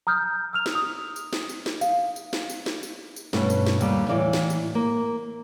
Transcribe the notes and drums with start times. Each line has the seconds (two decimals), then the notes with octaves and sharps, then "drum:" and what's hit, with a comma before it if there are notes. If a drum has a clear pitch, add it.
0.07 A#5 D#6 F6 G6
0.53 E6 F6 F7
0.66 drum: snare
0.75 D#6
1.16 drum: tambourine
1.33 drum: snare
1.49 drum: tambourine
1.66 drum: snare
1.81 F5, drum: tambourine
2.16 drum: tambourine
2.33 drum: snare
2.50 drum: tambourine
2.66 drum: snare
2.83 drum: tambourine
3.16 drum: tambourine
3.33 G2 B2 A3 C#4, drum: snare
3.50 drum: tambourine
3.66 drum: snare
3.81 D#2 G3, drum: tambourine
4.08 A2 E3 D5 F5
4.33 drum: snare
4.50 drum: tambourine
4.75 A#3